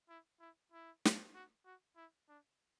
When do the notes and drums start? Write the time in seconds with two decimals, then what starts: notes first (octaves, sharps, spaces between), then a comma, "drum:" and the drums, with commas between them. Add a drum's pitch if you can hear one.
0.09 E4
0.40 E4
0.72 E4
1.05 drum: snare
1.34 F#4
1.65 F#4
1.96 E4
2.29 D4